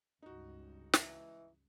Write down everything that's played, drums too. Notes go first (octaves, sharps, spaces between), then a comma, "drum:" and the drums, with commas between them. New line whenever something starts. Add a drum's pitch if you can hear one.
C#2 G2 D#4 F#4
E3, drum: snare